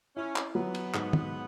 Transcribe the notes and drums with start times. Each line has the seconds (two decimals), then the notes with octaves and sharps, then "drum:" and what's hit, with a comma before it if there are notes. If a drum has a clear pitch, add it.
0.16 C#4 E4
0.36 drum: clap
0.55 F#3 B3
0.75 drum: cymbal
0.94 G#2, drum: clap
1.13 drum: tom